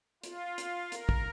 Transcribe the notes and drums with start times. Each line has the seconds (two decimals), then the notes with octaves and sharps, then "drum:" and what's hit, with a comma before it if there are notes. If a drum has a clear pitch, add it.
0.23 F4, drum: hi-hat
0.58 drum: hi-hat
0.92 A#4, drum: hi-hat
1.09 drum: kick